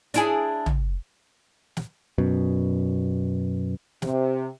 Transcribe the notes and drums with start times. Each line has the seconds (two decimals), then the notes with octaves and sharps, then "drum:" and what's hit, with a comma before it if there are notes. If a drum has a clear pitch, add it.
0.14 D4 E4 G#4, drum: hi-hat
0.66 drum: tom
1.77 drum: snare
2.18 F#2 B2
4.02 C3, drum: snare